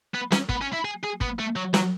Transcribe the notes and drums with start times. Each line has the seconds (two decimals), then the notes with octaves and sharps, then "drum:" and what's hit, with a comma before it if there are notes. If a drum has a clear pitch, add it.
0.14 B3
0.32 C#4, drum: snare
0.49 B3, drum: kick
0.62 C#4
0.73 E4
0.85 G#4
1.03 G#4
1.21 B3, drum: kick
1.39 A3
1.56 F#3
1.74 F#3, drum: snare